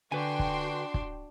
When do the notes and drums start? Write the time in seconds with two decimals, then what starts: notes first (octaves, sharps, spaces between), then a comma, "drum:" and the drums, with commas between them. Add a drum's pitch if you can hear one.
0.12 D3 D4 F#4 B4 G5 G#5 C6
0.39 drum: kick
0.94 drum: kick